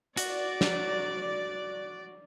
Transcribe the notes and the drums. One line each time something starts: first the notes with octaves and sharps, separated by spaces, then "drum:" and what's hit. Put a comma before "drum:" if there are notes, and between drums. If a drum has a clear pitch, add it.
F#4 D5, drum: hi-hat
drum: snare